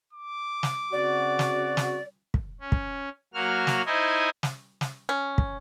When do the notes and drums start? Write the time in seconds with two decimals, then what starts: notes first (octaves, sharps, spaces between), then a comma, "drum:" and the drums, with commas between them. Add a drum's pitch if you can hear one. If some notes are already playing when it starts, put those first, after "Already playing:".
0.13 D6
0.63 drum: snare
0.92 C#3 C4 F#4 D5
1.39 drum: snare
1.77 drum: snare
2.34 drum: kick
2.61 C#4
2.72 drum: kick
3.34 F#3 A#3 F#4 F6
3.67 drum: snare
3.86 D#4 E4 C5 D#5 G#5
4.43 drum: snare
4.81 drum: snare
5.09 C#4
5.38 drum: kick